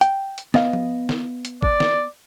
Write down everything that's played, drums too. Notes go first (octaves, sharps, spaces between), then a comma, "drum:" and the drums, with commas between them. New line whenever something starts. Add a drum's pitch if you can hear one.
G5, drum: hi-hat
drum: hi-hat
B3 D#5 F5, drum: snare
drum: tom F3
drum: snare
drum: hi-hat
D5, drum: kick
drum: snare